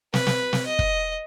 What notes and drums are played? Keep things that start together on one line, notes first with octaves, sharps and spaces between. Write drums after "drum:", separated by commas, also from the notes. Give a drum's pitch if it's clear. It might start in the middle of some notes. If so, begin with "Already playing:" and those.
B4, drum: snare
drum: snare
drum: snare
D#5
drum: kick